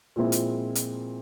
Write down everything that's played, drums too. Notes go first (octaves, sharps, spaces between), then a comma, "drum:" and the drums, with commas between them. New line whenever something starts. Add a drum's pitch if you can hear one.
A#2 F3 G#3 C4 E4
drum: hi-hat
drum: hi-hat